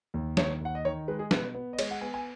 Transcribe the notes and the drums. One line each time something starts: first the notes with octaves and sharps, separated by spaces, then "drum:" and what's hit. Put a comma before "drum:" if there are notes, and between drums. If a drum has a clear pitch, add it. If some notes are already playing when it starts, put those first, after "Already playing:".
D#2
D#2 C#5, drum: snare
D#2 F#5
D#5
D#3 C#5
G#3 B4
G#4
B2 B4, drum: snare
B3
D#5
G#3 C#5, drum: cymbal
F#5
B3 G#5
G#5